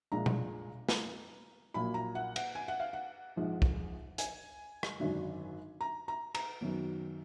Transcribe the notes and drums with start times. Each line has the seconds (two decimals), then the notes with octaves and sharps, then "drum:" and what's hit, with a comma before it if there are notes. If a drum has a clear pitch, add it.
0.12 A#1 A#2 G#3 D4 A#5
0.26 drum: tom B2
0.89 drum: snare
1.74 A#1 A#2 F#3 A#3 B5
1.94 A#5
2.15 F#5
2.36 F#5, drum: cymbal
2.55 G#5
2.68 F#5
2.80 F5
2.93 F#5
3.36 A#1 G#2 F3 G#3
3.62 drum: kick
4.18 G#5, drum: hi-hat
4.83 drum: rim click
4.99 G#1 F#2 D3 F#3 D4
5.81 A#5
6.08 A#5
6.35 A#5, drum: cymbal
6.61 F#2 D#3 F#3 B3